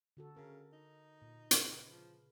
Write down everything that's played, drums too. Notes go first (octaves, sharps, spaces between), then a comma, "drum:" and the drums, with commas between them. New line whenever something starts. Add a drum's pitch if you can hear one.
D3 F#4 A4
C#3 A#4
D#4
A#2
C#3 B4, drum: hi-hat
F3